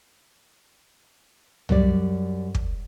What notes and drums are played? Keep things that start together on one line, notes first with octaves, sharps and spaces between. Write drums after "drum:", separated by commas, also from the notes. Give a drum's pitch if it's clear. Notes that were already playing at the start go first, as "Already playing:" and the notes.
F#2 G3 D5, drum: tom C2
drum: kick